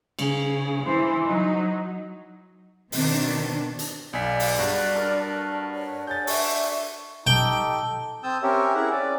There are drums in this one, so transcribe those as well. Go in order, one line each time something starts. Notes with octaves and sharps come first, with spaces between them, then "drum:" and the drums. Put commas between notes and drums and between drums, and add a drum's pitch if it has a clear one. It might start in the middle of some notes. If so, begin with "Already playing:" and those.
C#3, drum: cymbal
E3 C5
F#3 D#4
B2 D#3 B3 C4 D4, drum: open hi-hat
drum: hi-hat
B1 D5 F5 G#5 B6
drum: open hi-hat
G2 F#4 G#4 A#5
D4 A4 A#4 A5
C#5
G#4 C#5 G6 A6
A4 D5 E5 C#6, drum: open hi-hat
D#4 G4 A4 G5
C4 A5 D#6 E6 G6
C4 C#4 G4 A#4 C#5 E5
E4 G#4 A#4 E5 F#5
C#4 D5